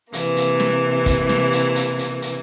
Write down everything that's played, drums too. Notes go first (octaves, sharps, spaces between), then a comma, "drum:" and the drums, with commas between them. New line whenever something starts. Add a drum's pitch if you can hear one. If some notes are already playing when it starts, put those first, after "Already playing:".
C3 E3 A#3, drum: hi-hat
drum: hi-hat
drum: snare
drum: kick, hi-hat
drum: snare
drum: hi-hat
drum: hi-hat
drum: hi-hat
drum: hi-hat